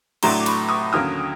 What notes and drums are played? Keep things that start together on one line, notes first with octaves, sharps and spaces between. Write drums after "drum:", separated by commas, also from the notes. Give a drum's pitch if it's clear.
A2 F#3 A3 D4 A#5 C6, drum: cymbal
D6
B5 C#6, drum: cymbal
C#6 D#6
D#2 D3 F#3 A#3 C#4 D#6 F6